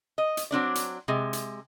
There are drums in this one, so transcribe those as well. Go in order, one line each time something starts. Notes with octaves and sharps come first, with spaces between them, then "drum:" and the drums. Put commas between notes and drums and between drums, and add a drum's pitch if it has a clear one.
D#5
drum: hi-hat
F#3 C4 D4 D5
drum: hi-hat
C3 G#3
drum: hi-hat